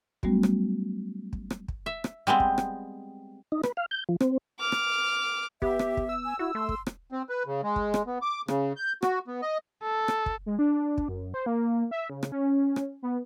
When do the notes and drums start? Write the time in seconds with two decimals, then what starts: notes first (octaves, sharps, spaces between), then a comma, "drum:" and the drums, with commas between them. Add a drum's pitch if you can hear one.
0.23 F#3 G3 A3 B3 C#4 F#4, drum: kick
0.43 drum: rim click
1.33 drum: kick
1.51 drum: rim click
1.68 drum: kick
1.86 E5
2.04 drum: rim click
2.27 G3 G#3 B3 C4
2.40 drum: kick
2.58 drum: rim click
3.52 D#4
3.63 B4, drum: rim click
3.77 F5
3.91 G6
4.09 F3
4.21 C4, drum: rim click
4.59 D6 F6
4.72 drum: rim click
5.62 B3 G4 E5, drum: kick
5.79 drum: rim click
5.97 drum: kick
6.09 E6
6.25 G#5
6.39 E4 F#4
6.55 A3 C6
6.69 drum: kick
6.87 drum: rim click
7.12 C4
7.29 B4
7.46 C#3
7.63 G#3
7.76 drum: kick
7.94 drum: rim click
8.07 B3
8.22 D6
8.48 C#3, drum: rim click
8.76 G6
9.03 F#4, drum: rim click
9.27 B3
9.42 D#5
9.83 A4
10.08 drum: rim click
10.26 drum: kick
10.46 G#3
10.59 D4
10.98 drum: kick
11.08 F#2
11.34 C5
11.46 A#3
11.91 E5
12.10 C#3
12.23 drum: rim click
12.32 C#4
12.76 drum: rim click
13.02 B3